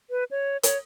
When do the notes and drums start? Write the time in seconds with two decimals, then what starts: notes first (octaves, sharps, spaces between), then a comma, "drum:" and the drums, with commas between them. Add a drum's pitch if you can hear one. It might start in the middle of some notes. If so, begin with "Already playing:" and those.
0.10 B4
0.31 C#5
0.63 C#5, drum: hi-hat